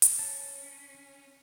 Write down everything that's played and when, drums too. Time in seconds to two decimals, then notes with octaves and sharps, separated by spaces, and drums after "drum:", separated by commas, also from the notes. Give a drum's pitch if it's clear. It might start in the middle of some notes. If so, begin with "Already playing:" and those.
0.02 drum: hi-hat
0.19 C#4 A5